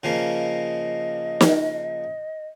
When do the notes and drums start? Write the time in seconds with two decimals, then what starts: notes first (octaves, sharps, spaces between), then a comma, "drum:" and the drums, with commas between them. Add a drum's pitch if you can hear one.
0.03 C#3 F3 A#3 D#5
1.41 drum: snare